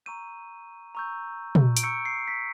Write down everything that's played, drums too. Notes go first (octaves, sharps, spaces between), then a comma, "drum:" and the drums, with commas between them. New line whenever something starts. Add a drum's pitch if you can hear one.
A#5 C#6 E6 G6 D#7
A#5 C#6 E6 G6
drum: tom
D7, drum: hi-hat
A#5 C#6 E6 G6 C#7
C7
B6